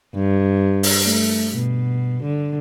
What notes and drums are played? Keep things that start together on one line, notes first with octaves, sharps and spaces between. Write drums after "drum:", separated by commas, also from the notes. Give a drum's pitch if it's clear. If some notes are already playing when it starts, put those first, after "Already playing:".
G2
drum: open hi-hat
A3
B2
D3